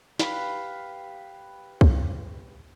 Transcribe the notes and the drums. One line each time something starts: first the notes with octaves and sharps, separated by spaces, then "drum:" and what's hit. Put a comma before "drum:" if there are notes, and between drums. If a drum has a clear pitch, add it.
G4 B4 F5 B5, drum: snare
drum: kick